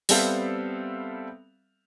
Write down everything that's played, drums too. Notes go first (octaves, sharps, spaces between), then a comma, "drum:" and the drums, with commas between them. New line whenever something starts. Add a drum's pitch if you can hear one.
G3 B3 C4 A4 E5 F5, drum: open hi-hat